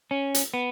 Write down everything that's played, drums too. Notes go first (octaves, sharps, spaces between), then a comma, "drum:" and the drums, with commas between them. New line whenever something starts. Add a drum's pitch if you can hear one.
C#4
drum: hi-hat
B3